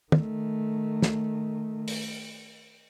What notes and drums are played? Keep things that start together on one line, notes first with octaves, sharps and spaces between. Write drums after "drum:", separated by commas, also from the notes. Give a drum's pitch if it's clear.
D#3 A3, drum: tom
drum: snare
drum: open hi-hat